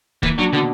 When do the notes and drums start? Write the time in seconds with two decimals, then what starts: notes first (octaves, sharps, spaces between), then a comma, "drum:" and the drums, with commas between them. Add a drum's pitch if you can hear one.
0.23 E3 A#3, drum: kick
0.38 F#3 D4
0.53 B2 D3